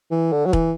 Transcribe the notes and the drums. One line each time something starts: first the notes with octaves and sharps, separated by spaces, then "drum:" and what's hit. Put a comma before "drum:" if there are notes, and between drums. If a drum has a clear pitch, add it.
E3
D3
F#3
E3, drum: kick